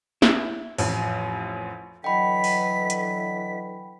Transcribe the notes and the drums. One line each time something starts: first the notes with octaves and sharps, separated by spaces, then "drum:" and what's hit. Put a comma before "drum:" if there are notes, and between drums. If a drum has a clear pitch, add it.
E4, drum: snare
A1 F2, drum: open hi-hat
D3 E3 F#3 D#5 F#5 G5 B5 B6
drum: open hi-hat
drum: hi-hat